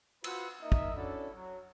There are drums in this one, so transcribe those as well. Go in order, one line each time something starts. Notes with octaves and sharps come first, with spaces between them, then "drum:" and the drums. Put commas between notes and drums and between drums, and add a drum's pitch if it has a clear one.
F4 F#4 B4 C5 F#5, drum: cymbal
A#3 D#4 A#4 D#5 E5
drum: kick
C#4 D4 E4 F#4 A4 D5
F#3